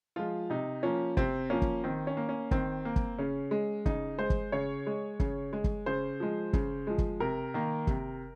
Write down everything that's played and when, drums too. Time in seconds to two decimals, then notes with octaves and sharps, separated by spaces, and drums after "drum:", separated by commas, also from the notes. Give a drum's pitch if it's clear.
0.16 F3 G#3 F4
0.50 C3 D#4
0.83 F3 A#3 C#4
1.17 C3 C4, drum: kick
1.50 F3 A#3 C#4
1.62 drum: kick
1.84 D#3 C4
2.07 C#4
2.17 A#3
2.29 C#4
2.51 D#3 C4, drum: kick
2.85 A#3
2.96 drum: kick
3.18 C#3 C#4
3.51 G#3
3.86 C#3 D#4, drum: kick
4.19 G#3 C5
4.30 drum: kick
4.52 C#3 C#5
4.87 G#3
5.20 C#3, drum: kick
5.53 G#3
5.64 drum: kick
5.86 C#3 C5
6.20 F3 G#3
6.53 C#3, drum: kick
6.87 F3 G#3
6.98 drum: kick
7.20 C3 A#4
7.54 D#3 A#3
7.87 C3, drum: kick